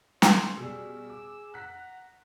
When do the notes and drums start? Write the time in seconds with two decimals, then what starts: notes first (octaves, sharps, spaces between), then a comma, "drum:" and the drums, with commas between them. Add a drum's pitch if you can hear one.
0.22 C#4 A4 C5 C6, drum: snare
0.57 B2 G3 G#4 E6
1.09 D6
1.54 F#5 A#5 F#6 B6